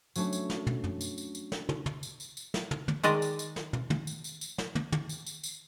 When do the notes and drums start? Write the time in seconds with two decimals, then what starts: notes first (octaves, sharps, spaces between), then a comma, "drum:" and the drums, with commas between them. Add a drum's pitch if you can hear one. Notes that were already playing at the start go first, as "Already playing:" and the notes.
0.16 F#3 A3 C#4 D4 C#5, drum: tambourine
0.33 drum: tambourine
0.50 drum: snare
0.67 drum: tom
0.84 drum: tom
1.01 drum: tambourine
1.18 drum: tambourine
1.35 drum: tambourine
1.52 drum: snare
1.69 drum: tom
1.86 drum: tom
2.03 drum: tambourine
2.20 drum: tambourine
2.37 drum: tambourine
2.54 drum: snare
2.71 drum: tom
2.88 drum: tom
3.03 D#3 G#3 D5 D#5, drum: tambourine
3.22 drum: tambourine
3.39 drum: tambourine
3.56 drum: snare
3.73 drum: tom
3.90 drum: tom
4.07 drum: tambourine
4.24 drum: tambourine
4.41 drum: tambourine
4.58 drum: snare
4.75 drum: tom
4.92 drum: tom
5.09 drum: tambourine
5.26 drum: tambourine
5.43 drum: tambourine